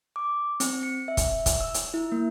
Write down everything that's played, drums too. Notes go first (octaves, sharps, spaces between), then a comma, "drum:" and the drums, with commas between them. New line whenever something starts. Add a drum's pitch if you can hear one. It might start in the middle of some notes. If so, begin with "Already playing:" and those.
D6
C4, drum: hi-hat
C#7
E5
drum: kick, hi-hat
drum: kick, hi-hat
E6
drum: hi-hat
E4
A#3